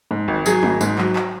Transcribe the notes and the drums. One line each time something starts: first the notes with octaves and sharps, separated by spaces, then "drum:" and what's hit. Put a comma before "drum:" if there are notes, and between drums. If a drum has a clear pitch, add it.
G#2
G#1
F#3 G#4, drum: tambourine
G#1, drum: tom
G#2, drum: tambourine
F#3, drum: clap
drum: clap